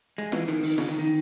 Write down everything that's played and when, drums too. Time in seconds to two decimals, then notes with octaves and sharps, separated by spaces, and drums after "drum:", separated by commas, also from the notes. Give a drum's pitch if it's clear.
0.18 G#3, drum: hi-hat
0.32 E3, drum: snare F4
0.48 D#3, drum: hi-hat
0.63 D#3, drum: open hi-hat
0.78 C#3, drum: snare F4
0.89 D#3
0.99 D#3